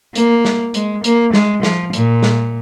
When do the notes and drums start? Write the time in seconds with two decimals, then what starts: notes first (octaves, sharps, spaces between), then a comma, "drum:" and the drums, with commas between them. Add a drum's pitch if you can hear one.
0.15 A#3, drum: hi-hat
0.45 drum: snare
0.74 G#3, drum: hi-hat
1.04 A#3, drum: hi-hat
1.34 G#3, drum: snare
1.63 F3, drum: snare
1.93 A#2, drum: hi-hat
2.23 drum: snare